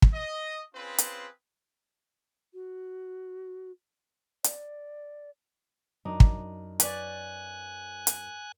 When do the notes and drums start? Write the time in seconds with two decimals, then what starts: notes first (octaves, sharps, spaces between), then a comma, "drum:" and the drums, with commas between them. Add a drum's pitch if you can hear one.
0.02 drum: kick
0.13 D#5
0.75 C4 C#4 F4 G#4 B4
0.98 drum: hi-hat
2.54 F#4
4.44 D5, drum: hi-hat
6.05 F#2 D4 D#4
6.20 drum: kick
6.80 B4 C#5 D5 G#5 F#6, drum: hi-hat
8.07 drum: hi-hat